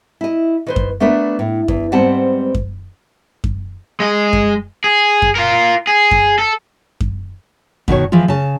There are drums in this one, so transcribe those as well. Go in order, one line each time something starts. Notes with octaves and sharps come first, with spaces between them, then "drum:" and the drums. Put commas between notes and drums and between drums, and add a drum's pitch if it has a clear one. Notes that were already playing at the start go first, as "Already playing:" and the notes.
E4 D#5
D#3 B4 C5
drum: kick F#2
A3 B3 D4 A#4 B4
A2
E2, drum: kick F#2
G#2 G3 B3 C4 F#5 A5
drum: kick F#2
drum: kick F#2
G#3 D#5
drum: kick F#2
G#4
drum: kick F#2
F4 A#4
G#4
drum: kick F#2
A4
drum: kick F#2
B2 D#3 F#4 C#5, drum: kick F#2
E3 F3 G#3 F4
C#3 A5